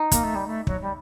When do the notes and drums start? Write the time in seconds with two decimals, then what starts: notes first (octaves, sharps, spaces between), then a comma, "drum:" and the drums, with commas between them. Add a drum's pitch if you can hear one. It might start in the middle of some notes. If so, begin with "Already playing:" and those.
Already playing: D#4
0.12 A#3, drum: kick, hi-hat
0.24 A3
0.35 G3
0.47 A3
0.67 F#3, drum: kick
0.82 G3